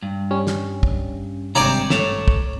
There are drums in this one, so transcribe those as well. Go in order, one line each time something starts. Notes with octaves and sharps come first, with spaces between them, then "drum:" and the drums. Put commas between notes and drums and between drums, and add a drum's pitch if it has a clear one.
G2
G3 C#4
drum: snare
drum: kick
G#1 G2 C3 C4 D5 G#5 A#5 C#6
A3 A4 C#5, drum: snare
drum: kick